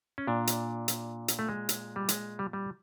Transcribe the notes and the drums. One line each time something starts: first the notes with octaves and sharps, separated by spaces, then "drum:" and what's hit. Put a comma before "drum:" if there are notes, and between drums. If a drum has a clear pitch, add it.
C#4
A#2 D4
drum: hi-hat
drum: hi-hat
drum: hi-hat
A3
G#3
drum: hi-hat
G3
G#3, drum: hi-hat
G3
G3